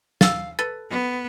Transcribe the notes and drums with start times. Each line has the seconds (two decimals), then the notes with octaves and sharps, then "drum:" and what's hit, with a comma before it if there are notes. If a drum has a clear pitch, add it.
0.21 F5 E6 A6, drum: snare
0.59 A4 B4 A6
0.90 B3